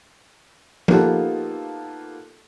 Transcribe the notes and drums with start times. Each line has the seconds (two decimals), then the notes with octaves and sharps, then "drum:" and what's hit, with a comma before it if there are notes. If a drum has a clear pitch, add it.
0.88 A#3 B3 D#4 F4 G4 A4, drum: tom F3